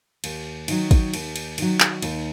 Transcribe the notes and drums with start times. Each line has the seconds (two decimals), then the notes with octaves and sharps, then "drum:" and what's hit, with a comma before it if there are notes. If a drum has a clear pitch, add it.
0.24 D#2, drum: cymbal
0.68 D#3 F#3, drum: cymbal
0.91 drum: kick, cymbal
1.14 D#2, drum: cymbal
1.36 drum: cymbal
1.58 D#3 F#3, drum: cymbal
1.80 drum: clap
2.02 D#2, drum: cymbal